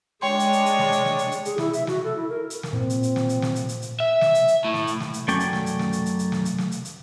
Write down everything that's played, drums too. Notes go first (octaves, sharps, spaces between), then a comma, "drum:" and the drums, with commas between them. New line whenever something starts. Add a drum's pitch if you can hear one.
G#3 D4 C#5 G5 C6
drum: hi-hat
drum: hi-hat
drum: hi-hat
drum: snare
drum: hi-hat
drum: snare
drum: hi-hat
drum: hi-hat
G#4, drum: hi-hat
E4, drum: snare
E5, drum: hi-hat
F#4, drum: snare
A4
E4
A#4
drum: hi-hat
drum: snare
A#2 C4
drum: hi-hat
drum: hi-hat
drum: snare
drum: hi-hat
drum: snare
drum: hi-hat
drum: hi-hat
drum: hi-hat
E5
drum: snare
drum: hi-hat
drum: hi-hat
A2
drum: snare
drum: hi-hat
drum: snare
drum: hi-hat
F#2 A3 C#4 D5 G5, drum: hi-hat
drum: hi-hat
drum: snare
drum: hi-hat
drum: snare
drum: hi-hat
drum: hi-hat
drum: hi-hat
drum: snare
drum: hi-hat
drum: snare
drum: hi-hat
drum: hi-hat